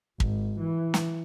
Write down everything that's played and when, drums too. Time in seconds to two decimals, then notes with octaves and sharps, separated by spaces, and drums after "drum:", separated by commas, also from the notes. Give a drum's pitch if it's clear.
0.20 G#1, drum: kick
0.60 E3
0.94 drum: snare